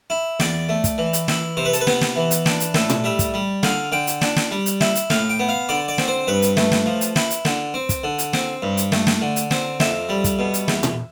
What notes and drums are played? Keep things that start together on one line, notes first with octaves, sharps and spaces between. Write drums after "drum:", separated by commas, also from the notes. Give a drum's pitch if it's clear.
E4
E2 D5, drum: snare
A3
drum: kick, hi-hat
E3
drum: hi-hat
E4, drum: snare
C3 C5
B4
A4, drum: hi-hat
B4
B3, drum: snare
drum: snare
E3
drum: hi-hat
D4, drum: snare
drum: hi-hat
A2 A4, drum: snare
drum: tom A#2
G3 E5
drum: kick, hi-hat
G3
D3 F5, drum: snare
D3 G5
drum: hi-hat
D4, drum: snare
drum: snare
G3
drum: hi-hat
E4, drum: snare
drum: hi-hat
A2 F5, drum: snare
G5
B3
F5
D3 D5
D5
C4, drum: snare
C5
G2 B4
drum: hi-hat
A3, drum: snare
drum: snare
F3
drum: hi-hat
E4, drum: snare
drum: hi-hat
D3, drum: snare
C4
drum: kick, hi-hat
D3
drum: hi-hat
C4, drum: snare
G2
drum: hi-hat
A3, drum: snare
drum: snare
D3
drum: hi-hat
C4, drum: snare
F2 E5, drum: snare
G3
drum: kick, hi-hat
B2
drum: hi-hat
E2, drum: snare
drum: tom A#2